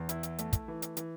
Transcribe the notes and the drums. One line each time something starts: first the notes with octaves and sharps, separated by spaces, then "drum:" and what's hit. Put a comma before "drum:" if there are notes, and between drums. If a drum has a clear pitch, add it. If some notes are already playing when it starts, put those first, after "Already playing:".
Already playing: E2
E4, drum: hi-hat
drum: hi-hat
A3, drum: hi-hat
drum: kick, hi-hat
E3
drum: hi-hat
E3, drum: hi-hat